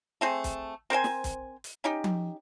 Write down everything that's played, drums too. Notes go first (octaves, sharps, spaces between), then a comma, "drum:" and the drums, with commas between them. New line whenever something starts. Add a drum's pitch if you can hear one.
A3 C4 G#4
drum: kick, hi-hat
C4 A#4 C5 G#5
drum: snare
drum: kick, hi-hat
drum: hi-hat
C#4 D#4 G4
drum: tom F3